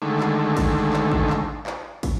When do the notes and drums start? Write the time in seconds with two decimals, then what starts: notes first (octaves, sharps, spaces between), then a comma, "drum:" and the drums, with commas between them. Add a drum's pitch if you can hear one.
0.02 D3 D#3 G#3 A3
0.20 drum: clap
0.57 drum: kick, cymbal
0.93 drum: clap
1.12 drum: kick
1.30 drum: clap
1.66 drum: clap
2.03 drum: kick, cymbal